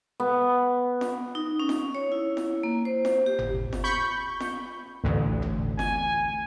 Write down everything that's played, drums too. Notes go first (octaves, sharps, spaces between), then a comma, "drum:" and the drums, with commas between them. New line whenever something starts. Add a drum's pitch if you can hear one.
B3
drum: snare F4
D#4
C#4
drum: snare F4
C#5
E4
drum: snare F4
A#3
C5
drum: snare F4
G4
drum: tom G1
drum: snare F4
B5 C#6 G6
drum: snare F4
A1 D2
drum: tom G1
G#5, drum: snare F4